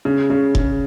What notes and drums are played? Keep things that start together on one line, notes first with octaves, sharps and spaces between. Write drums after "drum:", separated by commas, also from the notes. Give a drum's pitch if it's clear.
C#3
C#3
C#3, drum: kick F1